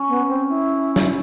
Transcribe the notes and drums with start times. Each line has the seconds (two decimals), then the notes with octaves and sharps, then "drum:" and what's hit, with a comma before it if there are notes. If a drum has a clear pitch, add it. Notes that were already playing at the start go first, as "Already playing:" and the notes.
Already playing: C#4
0.09 B3
0.29 C4
0.49 E4
0.96 drum: snare